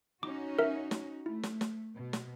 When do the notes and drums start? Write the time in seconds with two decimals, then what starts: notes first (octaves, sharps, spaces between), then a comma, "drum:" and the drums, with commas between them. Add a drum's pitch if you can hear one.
0.23 C#4 D#4 F#4 D6
0.59 A#4 E5
0.91 drum: snare
1.26 A3 E4
1.43 drum: snare
1.61 drum: snare
1.96 B2
2.13 drum: snare